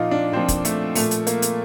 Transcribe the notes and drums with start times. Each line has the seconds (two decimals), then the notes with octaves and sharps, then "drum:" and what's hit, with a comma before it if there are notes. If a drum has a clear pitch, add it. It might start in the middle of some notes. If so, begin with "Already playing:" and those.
Already playing: A#2 F3 D#4 F4
0.11 D4
0.32 A#2 F3 C4
0.48 drum: kick, hi-hat
0.65 A3, drum: hi-hat
0.95 A#2 F3 A3, drum: open hi-hat
1.11 drum: hi-hat
1.27 A#3, drum: hi-hat
1.42 drum: hi-hat